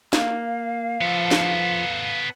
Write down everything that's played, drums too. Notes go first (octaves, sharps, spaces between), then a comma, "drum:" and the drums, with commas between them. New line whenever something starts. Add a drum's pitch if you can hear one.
A#3 F5, drum: snare
F3 B3 A4
drum: snare